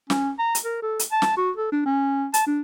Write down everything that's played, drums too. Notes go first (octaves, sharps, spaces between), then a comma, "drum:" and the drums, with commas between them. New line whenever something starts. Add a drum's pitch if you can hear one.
C#4, drum: snare
A#5
drum: hi-hat
A#4
A4
drum: hi-hat
A5
drum: snare
F#4
A4
D4
C#4
A5, drum: hi-hat
D4